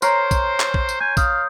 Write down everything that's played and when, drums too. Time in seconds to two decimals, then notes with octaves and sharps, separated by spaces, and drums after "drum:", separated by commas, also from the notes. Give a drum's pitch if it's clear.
0.02 A#4 C5 C#5 A#5 C6 F6 C7, drum: tambourine
0.31 drum: kick, tambourine
0.60 drum: clap
0.74 drum: kick
0.89 drum: tambourine
1.00 G#5 G6
1.17 F5 D#6 G6, drum: kick, tambourine